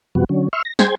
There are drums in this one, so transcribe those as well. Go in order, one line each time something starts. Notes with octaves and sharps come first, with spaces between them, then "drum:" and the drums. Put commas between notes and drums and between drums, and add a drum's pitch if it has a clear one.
F#2 C3 F3 G3 B3 F#4
D3 F#3 C#4
E5 C6 C#6 E6 F6
A#6
G#4 C5 G5 G#6, drum: snare